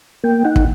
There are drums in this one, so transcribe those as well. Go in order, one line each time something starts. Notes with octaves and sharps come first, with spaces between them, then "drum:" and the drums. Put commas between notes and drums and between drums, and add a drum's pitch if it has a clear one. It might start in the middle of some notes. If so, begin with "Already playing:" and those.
A#3 G5
D#4 F#5
drum: kick